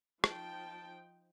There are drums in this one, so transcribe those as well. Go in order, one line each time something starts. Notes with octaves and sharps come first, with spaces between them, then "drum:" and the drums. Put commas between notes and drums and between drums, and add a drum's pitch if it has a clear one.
F3 D#4 G5 A5, drum: rim click